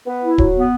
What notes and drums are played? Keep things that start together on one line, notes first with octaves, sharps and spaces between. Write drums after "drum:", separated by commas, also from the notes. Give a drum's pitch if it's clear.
B3
E4
F#3, drum: kick D1
B3